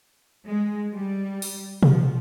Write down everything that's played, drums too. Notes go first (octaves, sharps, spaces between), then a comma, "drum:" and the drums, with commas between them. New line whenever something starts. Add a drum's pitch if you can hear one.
G#3
G3
drum: open hi-hat
F3, drum: tom B2